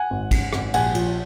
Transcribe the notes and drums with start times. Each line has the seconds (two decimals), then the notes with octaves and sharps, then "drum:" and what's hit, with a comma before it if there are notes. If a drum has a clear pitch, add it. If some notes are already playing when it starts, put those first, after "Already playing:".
Already playing: F#5 G#5
0.10 G#1
0.31 C#3, drum: kick, cymbal
0.53 G#1, drum: rim click
0.74 A#1 F#5 G#5, drum: cymbal
0.95 F3, drum: cymbal